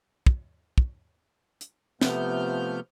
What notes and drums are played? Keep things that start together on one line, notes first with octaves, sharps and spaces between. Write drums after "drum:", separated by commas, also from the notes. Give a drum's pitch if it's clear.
drum: kick
drum: kick
drum: hi-hat
C3 F3 A3 B3 F6 G6, drum: snare